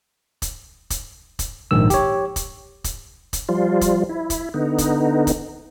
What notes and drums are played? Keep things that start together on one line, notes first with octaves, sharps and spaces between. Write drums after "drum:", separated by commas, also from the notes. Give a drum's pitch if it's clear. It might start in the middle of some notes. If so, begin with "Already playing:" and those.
drum: kick E1, hi-hat
drum: kick E1, hi-hat
drum: kick E1, hi-hat
A#1 G#2 D#3 E6
G4 C#5, drum: kick E1, hi-hat
drum: kick E1, hi-hat
drum: kick E1, hi-hat
drum: kick E1, hi-hat
F3 G3 F4
drum: kick E1, hi-hat
E4
drum: kick E1, hi-hat
D3 B3 D#4
drum: kick E1, hi-hat
drum: kick E1, hi-hat